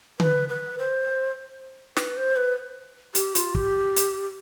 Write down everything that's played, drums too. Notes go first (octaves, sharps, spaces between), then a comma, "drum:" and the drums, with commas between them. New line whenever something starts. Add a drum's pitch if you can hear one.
B4, drum: tom D3
B4
C5
B4, drum: snare
C5
B4
G4, drum: hi-hat
F4, drum: hi-hat
G4, drum: kick
drum: hi-hat